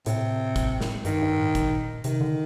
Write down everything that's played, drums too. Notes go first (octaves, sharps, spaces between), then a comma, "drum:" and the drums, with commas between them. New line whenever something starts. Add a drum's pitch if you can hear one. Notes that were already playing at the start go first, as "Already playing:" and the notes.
A2 C3, drum: hi-hat
drum: kick, hi-hat
drum: snare
G2 D#3, drum: hi-hat
G2
A2
A#2, drum: kick, hi-hat
C3 D#3, drum: hi-hat
D3